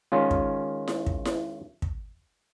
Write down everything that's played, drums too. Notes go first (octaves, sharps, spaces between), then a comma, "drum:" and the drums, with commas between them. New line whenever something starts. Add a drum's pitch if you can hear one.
D#3 G#3 C#4 F4
drum: kick
drum: snare E4
drum: kick
drum: snare E4
drum: kick